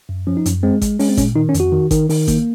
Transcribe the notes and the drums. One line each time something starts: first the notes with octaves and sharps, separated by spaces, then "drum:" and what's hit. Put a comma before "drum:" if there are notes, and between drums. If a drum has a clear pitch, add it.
F#2
F3 C#4
D#4
F#2 C#4, drum: hi-hat
G#3 C4
G#3, drum: kick G#1, hi-hat
G#3 C#4, drum: open hi-hat
C4
A#2 C#4, drum: kick G#1, hi-hat
D#3 D#4
C#4
F2, drum: hi-hat
F#4
D#3
D#3, drum: kick G#1, hi-hat
D#3, drum: open hi-hat
A#3, drum: kick G#1, hi-hat